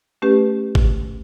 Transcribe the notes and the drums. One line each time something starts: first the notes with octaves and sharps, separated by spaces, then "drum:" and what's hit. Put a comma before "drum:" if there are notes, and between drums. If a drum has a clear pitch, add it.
A3 C#4 G4 B4
drum: kick G#1